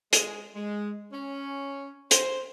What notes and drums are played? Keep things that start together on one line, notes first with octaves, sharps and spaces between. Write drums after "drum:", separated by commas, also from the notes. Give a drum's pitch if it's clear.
G#3, drum: hi-hat
G#3
C#4
C5, drum: hi-hat